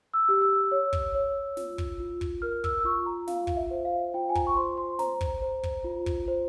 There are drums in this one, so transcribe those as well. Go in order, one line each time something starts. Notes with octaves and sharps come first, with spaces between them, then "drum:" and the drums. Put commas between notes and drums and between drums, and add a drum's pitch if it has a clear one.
E6
G4
E6
C#5
drum: kick
C#5
F4, drum: snare
drum: kick
F4
drum: kick
A#4 F6
E6, drum: kick
E6
F4 C#6
A#5
F4 F5, drum: snare
F5, drum: kick
E5
C5
F5
F4 G5
G#5
A#5, drum: kick
C#6
C5 C6
C6
C5 A#5, drum: snare
drum: kick
C5
drum: kick
F4
drum: kick
C5